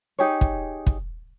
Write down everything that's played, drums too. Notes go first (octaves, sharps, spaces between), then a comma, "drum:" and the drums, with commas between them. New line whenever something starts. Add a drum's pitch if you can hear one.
D#4 G4 G#4 C#5
drum: kick
drum: kick